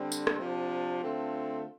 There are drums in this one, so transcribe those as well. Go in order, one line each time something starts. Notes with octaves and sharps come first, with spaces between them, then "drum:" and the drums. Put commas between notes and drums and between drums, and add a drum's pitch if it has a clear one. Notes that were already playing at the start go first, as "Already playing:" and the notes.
Already playing: D3 G3 C4
drum: tambourine
drum: rim click
C3 F3 D4
D3 A3 C4 F4